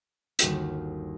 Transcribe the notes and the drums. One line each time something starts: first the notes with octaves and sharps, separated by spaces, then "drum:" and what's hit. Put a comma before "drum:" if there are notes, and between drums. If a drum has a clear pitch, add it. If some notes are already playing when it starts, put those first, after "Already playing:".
G1 D#2 F#4 G5 F6, drum: hi-hat